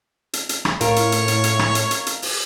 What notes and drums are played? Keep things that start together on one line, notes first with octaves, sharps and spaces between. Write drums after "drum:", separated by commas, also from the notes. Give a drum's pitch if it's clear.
drum: hi-hat
drum: hi-hat
drum: rim click
A2 F4 A#4 C#5, drum: hi-hat
drum: hi-hat
drum: hi-hat
drum: hi-hat
drum: hi-hat
drum: rim click
drum: hi-hat
drum: hi-hat
drum: hi-hat
drum: open hi-hat